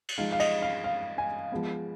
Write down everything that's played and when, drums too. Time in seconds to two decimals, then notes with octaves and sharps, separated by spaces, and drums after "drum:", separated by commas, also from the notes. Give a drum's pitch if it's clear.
0.08 drum: cymbal
0.18 F3 G#3 D#4 F5
0.32 F5
0.40 D#5, drum: cymbal
0.62 F5
0.84 F5
1.18 G#5
1.52 F3 G#3 B3